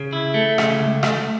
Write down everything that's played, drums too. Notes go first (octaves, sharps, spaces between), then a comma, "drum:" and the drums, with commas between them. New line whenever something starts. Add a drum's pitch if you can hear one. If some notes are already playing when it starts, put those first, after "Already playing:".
Already playing: C#3
E4
A3
C#3, drum: rim click
C#2
A3, drum: rim click